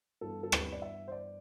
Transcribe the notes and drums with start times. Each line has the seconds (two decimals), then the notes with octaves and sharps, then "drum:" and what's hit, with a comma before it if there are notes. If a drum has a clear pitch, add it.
0.21 G2 E3 B3 A4
0.43 A4
0.52 B4, drum: rim click
0.73 D5
0.82 E5
1.08 C5
1.12 D5